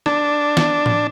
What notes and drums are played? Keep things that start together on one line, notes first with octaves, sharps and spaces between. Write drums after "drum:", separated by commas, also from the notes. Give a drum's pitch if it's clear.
D4, drum: rim click
drum: snare
drum: tom A2